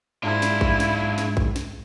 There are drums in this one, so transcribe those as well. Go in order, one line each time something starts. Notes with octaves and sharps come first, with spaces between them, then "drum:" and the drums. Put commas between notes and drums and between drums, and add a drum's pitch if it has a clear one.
G#2 D4 E4 F4
drum: snare
drum: kick A#1
drum: snare
drum: snare
drum: kick A#1
drum: snare